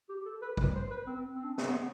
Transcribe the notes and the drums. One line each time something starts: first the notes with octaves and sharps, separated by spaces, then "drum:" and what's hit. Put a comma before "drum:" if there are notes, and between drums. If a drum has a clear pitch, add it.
G4
A4
B4
B4, drum: kick
C5
B4
C4
C4
D4
A3, drum: snare
B3